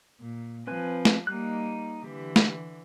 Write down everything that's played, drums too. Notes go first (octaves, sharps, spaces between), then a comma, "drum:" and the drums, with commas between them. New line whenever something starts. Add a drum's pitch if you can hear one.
A#2
F3 C4 B4 G#5
drum: snare
G3 A#3 D#4 F#6
D3 E3 G4
drum: snare